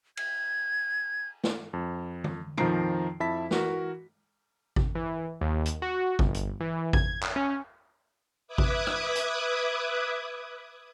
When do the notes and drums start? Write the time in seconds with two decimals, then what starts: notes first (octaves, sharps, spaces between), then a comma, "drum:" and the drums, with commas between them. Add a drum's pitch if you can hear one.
0.17 G#6, drum: cymbal
1.44 drum: snare
1.73 F2
2.24 drum: tom D3
2.58 F2 D#3 F3 A#5 C7 D7, drum: tom
3.20 F2 E4 E5 A5 B5 B6
3.51 E3 F#4 A#4, drum: snare
4.76 drum: kick G#1
4.95 E3
5.41 D#2
5.65 drum: hi-hat
5.82 F#4
6.19 G1, drum: kick G#1
6.34 drum: hi-hat
6.60 E3
6.93 G#6, drum: kick G#1
7.23 drum: clap
7.36 C#4
8.47 B4 E5 D6 D#6 F#6 G#6
8.58 drum: kick G#1
8.87 drum: rim click
9.15 drum: hi-hat